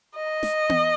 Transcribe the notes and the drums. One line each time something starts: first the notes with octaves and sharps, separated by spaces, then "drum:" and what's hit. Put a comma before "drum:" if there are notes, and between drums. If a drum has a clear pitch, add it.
D#5
drum: snare
drum: tom B3